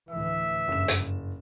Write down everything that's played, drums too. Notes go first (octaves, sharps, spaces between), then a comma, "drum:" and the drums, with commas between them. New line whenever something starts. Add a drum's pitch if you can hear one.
D2 A2 E3 E5
F#1 G2 E7
drum: hi-hat